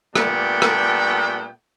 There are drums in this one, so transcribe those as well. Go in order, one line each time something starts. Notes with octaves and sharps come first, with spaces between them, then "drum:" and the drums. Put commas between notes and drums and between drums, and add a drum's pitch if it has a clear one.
A#2 G3 A3 B3 D4 G5, drum: rim click
drum: rim click